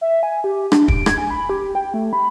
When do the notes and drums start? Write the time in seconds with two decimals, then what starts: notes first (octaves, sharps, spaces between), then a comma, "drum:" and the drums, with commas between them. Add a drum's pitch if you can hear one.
0.01 E5
0.23 G#5
0.44 G4
0.72 D4, drum: rim click
0.88 D7, drum: kick
1.06 G#6, drum: rim click
1.18 G#5
1.30 B5
1.49 G4
1.75 G5
1.94 A3
2.13 B5